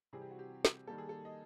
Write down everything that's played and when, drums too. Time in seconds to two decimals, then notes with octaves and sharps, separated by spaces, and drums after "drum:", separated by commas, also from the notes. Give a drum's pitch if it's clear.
0.13 C3 E3 G3 C4 G#4
0.22 G4
0.31 F#4
0.39 G4
0.65 drum: snare
0.87 D#3 G3 A#3 A4
0.98 G#4
1.09 A4
1.25 D#5